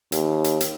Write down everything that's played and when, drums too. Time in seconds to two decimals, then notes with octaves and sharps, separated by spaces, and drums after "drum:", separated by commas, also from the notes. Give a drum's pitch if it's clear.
0.12 D#2, drum: hi-hat
0.44 drum: hi-hat
0.61 drum: hi-hat